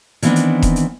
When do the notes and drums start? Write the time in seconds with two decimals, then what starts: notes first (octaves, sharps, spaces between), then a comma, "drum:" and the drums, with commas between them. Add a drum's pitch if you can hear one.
0.22 D#3 E3 A3 B3 C4 D4, drum: hi-hat
0.36 drum: hi-hat
0.62 drum: kick E1, hi-hat
0.76 drum: hi-hat